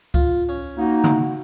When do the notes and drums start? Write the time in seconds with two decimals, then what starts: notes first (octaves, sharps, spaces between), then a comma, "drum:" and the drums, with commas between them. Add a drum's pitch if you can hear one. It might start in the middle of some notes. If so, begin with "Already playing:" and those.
0.14 F4, drum: kick C#2
0.49 C#4
0.78 A#3 D#4 F#4
1.04 drum: tom C#3